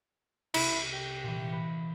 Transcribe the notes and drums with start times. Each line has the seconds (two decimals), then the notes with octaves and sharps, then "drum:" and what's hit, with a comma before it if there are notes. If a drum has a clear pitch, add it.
0.54 C2 E4, drum: cymbal
0.93 G4
1.23 A#2 E3
1.53 B4